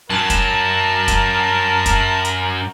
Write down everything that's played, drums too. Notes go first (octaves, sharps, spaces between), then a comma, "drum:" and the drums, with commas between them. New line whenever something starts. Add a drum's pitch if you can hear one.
F#2 F#3 A#4 A5
drum: kick, hi-hat
drum: kick, hi-hat
drum: kick, hi-hat
drum: hi-hat